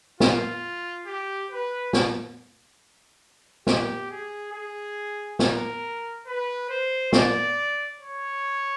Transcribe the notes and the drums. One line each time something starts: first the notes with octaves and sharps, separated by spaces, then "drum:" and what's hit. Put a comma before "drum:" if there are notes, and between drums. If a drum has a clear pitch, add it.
F4, drum: snare
G4
B4
drum: snare
G4, drum: snare
G#4
G#4
A#4, drum: snare
B4
C5
D5, drum: snare
C#5